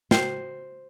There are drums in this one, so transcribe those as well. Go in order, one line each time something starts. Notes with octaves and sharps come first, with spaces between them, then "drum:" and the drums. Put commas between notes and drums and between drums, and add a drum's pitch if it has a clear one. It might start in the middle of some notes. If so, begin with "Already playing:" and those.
F#4 C5 G5, drum: snare